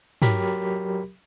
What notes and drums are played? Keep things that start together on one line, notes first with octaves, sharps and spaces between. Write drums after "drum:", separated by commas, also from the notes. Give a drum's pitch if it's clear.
F#3 G4 A#4 B5 B6, drum: tom